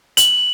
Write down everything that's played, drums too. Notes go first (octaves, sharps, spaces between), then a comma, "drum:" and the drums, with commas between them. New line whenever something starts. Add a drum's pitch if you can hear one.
F#7, drum: hi-hat